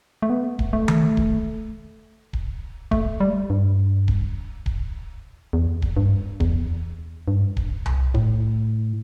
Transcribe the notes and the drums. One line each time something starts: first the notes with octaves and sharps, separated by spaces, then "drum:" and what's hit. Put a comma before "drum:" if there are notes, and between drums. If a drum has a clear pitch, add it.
A3
B3
drum: kick D1
A3
drum: tom D#3
drum: kick D1
drum: kick D1
A3, drum: kick D1
G3
G2
drum: kick D1
drum: kick D1
E2
drum: kick D1
G2
E2, drum: kick D1
G2
drum: kick D1
drum: tom C2
A2, drum: kick D1